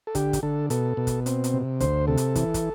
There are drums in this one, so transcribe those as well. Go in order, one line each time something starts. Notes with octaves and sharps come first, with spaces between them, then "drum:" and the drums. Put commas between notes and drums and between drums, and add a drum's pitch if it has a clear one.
A4
D3 G4, drum: kick, hi-hat
drum: kick, hi-hat
D3 A4
B2 A4, drum: hi-hat
B2
drum: kick, hi-hat
C4, drum: hi-hat
drum: hi-hat
C3
D2 C5, drum: kick, hi-hat
C3 A4
drum: hi-hat
E3, drum: kick, hi-hat
drum: kick, hi-hat